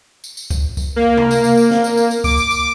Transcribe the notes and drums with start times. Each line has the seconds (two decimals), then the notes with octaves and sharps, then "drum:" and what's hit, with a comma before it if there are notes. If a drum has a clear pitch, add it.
0.24 drum: tambourine
0.37 drum: tambourine
0.50 drum: kick C#2, tambourine
0.77 drum: kick C#2, tambourine
0.96 A#3
1.17 drum: tom C3
1.31 drum: tambourine
1.44 drum: tambourine
1.57 drum: tambourine
1.71 drum: snare
1.84 drum: tambourine
1.97 drum: tambourine
2.11 drum: tambourine
2.24 D6, drum: kick C#2, tambourine
2.37 drum: tambourine
2.51 drum: tambourine